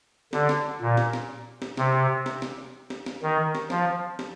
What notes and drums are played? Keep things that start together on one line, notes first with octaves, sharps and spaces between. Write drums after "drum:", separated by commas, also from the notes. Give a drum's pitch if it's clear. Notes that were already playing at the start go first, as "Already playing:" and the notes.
D3, drum: snare
drum: snare
A#2
drum: snare
drum: snare
drum: snare
C3, drum: snare
drum: snare
drum: snare
drum: snare
drum: snare
D#3
drum: snare
F3, drum: snare
drum: snare